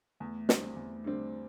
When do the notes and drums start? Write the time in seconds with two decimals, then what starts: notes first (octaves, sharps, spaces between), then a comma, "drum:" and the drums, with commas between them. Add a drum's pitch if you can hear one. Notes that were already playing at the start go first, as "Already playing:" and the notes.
0.20 E2 A3
0.49 D3 G3 C4, drum: snare
0.76 E2
1.04 D3 G3 C4